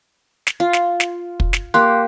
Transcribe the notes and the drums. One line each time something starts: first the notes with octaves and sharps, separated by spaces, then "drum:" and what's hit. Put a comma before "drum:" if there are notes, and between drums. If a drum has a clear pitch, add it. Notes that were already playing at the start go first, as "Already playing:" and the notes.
drum: snare
F4
drum: snare
drum: snare
drum: kick
drum: snare
A#3 G4 C6 F#6